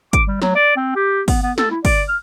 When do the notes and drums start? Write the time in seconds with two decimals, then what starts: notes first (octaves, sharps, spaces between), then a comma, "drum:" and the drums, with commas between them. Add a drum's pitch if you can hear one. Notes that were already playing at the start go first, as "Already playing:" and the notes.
0.13 D6, drum: kick, hi-hat
0.27 G3
0.42 F#3, drum: snare
0.55 D5
0.76 C4
0.96 G4
1.28 B3, drum: kick, open hi-hat
1.42 B3
1.58 A4, drum: snare
1.71 E4
1.85 D5, drum: kick, open hi-hat
2.08 F6